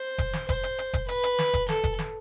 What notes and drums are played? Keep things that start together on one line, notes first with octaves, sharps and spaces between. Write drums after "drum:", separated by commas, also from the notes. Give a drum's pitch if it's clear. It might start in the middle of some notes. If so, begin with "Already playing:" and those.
Already playing: C5
drum: kick F1, hi-hat
drum: snare
C5, drum: kick F1, hi-hat
drum: hi-hat
drum: hi-hat
drum: kick F1, hi-hat
B4, drum: hi-hat
drum: hi-hat
drum: snare
drum: kick F1, hi-hat
A4, drum: snare
drum: kick F1, hi-hat
drum: snare